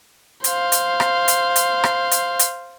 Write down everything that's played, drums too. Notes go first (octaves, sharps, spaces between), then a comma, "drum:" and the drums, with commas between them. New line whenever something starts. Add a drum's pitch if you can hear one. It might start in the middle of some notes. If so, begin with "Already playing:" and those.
C5 F5, drum: hi-hat
drum: hi-hat
drum: rim click
drum: hi-hat
drum: hi-hat
drum: rim click
drum: hi-hat
drum: hi-hat